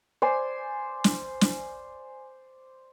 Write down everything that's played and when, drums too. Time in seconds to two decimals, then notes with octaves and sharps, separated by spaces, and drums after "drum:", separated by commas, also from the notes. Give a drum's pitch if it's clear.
0.22 C5 D5 G#5
1.04 drum: snare
1.41 drum: snare